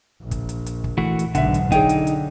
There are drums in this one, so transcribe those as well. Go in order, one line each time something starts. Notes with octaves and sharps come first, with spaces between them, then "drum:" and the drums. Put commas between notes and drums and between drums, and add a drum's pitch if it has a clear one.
A#1
drum: kick, hi-hat
drum: hi-hat
drum: hi-hat
drum: kick
E3 A3 F#4
drum: hi-hat
B1 G#2 D3 E5 F#5, drum: kick, hi-hat
drum: hi-hat
D3 D#4 G#4 C#5 G5, drum: kick, hi-hat
drum: hi-hat
drum: hi-hat